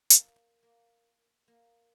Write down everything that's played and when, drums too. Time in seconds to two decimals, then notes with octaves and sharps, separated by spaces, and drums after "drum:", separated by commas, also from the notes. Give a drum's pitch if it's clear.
0.10 A#3, drum: hi-hat
0.63 A#3
1.48 A#3